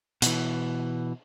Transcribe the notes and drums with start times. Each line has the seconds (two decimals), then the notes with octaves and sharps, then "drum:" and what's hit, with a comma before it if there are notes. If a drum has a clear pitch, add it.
0.22 B2 E3, drum: hi-hat